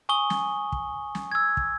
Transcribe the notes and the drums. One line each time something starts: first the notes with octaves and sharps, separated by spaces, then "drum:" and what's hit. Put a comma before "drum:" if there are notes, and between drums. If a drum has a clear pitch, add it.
G#5 C#6 D#6 G7
drum: snare
drum: kick
drum: snare
E6 G#6
drum: kick